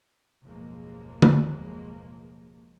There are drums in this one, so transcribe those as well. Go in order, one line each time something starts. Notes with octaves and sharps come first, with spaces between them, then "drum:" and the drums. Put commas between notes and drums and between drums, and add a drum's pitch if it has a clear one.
F#1 D#2 B2 F3 G#3 A#3
drum: tom